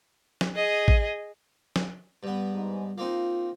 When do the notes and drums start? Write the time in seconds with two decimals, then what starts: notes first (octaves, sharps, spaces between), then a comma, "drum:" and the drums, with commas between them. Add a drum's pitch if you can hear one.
0.41 drum: snare
0.55 G#4 D#5
0.88 drum: kick A1
1.76 drum: snare
2.23 G2 B3
2.53 G#2
2.98 A#3 C4 D#4 F4